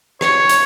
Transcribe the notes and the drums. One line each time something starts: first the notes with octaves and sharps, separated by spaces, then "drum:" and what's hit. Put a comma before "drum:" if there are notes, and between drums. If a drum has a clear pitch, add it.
C#5, drum: rim click
drum: hi-hat